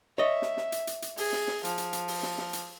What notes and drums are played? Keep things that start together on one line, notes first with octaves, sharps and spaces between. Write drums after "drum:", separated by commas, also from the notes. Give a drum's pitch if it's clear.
C#5 D#5 E5
drum: snare
drum: snare
drum: hi-hat
drum: hi-hat
drum: hi-hat
G#4, drum: open hi-hat
drum: snare
drum: snare
F3, drum: hi-hat
drum: hi-hat
drum: hi-hat
drum: open hi-hat
drum: snare
drum: snare
drum: hi-hat